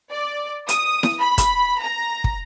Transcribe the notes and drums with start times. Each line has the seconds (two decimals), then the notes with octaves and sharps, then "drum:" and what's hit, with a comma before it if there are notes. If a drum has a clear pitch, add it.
0.11 D5
0.69 D#6, drum: hi-hat
1.03 drum: snare E4
1.20 B5
1.38 drum: kick, hi-hat
1.81 A#5
2.24 drum: kick